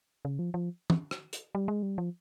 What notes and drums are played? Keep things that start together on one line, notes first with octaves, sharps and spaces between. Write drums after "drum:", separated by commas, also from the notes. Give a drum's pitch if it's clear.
C#3
F3
F3
drum: tom
drum: rim click
drum: hi-hat
G3
G#3
G3
F3